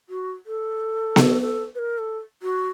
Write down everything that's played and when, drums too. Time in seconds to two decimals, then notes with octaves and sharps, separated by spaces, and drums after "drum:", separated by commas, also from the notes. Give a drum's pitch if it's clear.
0.09 F#4
0.46 A4
1.16 drum: snare B3
1.42 A4
1.75 B4
1.79 A#4
1.98 A4
2.43 F#4